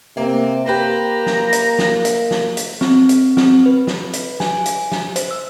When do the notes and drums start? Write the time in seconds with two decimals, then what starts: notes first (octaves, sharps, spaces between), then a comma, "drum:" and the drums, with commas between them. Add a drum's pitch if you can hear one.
0.17 C3 A#3 C4
0.66 A#3 G4 B4 C5 A#5
1.26 drum: snare
1.53 drum: hi-hat
1.79 drum: snare
2.05 drum: hi-hat
2.31 drum: snare
2.57 drum: hi-hat
2.81 C4, drum: snare
3.09 drum: hi-hat
3.37 C4, drum: snare
3.66 B4
3.87 drum: snare
4.13 drum: hi-hat
4.40 G#5, drum: snare
4.66 drum: hi-hat
4.92 drum: snare
5.16 C5, drum: hi-hat
5.31 E6